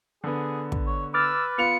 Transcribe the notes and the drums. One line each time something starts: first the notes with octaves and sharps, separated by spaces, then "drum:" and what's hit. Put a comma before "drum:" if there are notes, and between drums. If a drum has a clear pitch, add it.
D3 B3 G#4
drum: kick
C#5
B4 D6 E6 F6 A6
B3 F4 C#7 F7